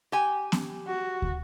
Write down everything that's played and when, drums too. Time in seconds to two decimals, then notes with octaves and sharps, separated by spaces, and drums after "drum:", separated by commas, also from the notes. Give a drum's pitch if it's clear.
0.12 G4 G#5
0.52 drum: snare B3
0.87 F#4
1.22 drum: kick